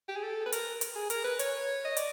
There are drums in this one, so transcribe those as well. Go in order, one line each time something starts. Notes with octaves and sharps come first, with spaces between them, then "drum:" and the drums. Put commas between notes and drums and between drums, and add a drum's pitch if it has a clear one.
G4
G#4
A4
B4
A#4, drum: hi-hat
drum: hi-hat
G#4
A#4, drum: hi-hat
B4
C#5, drum: hi-hat
D#5
D5, drum: hi-hat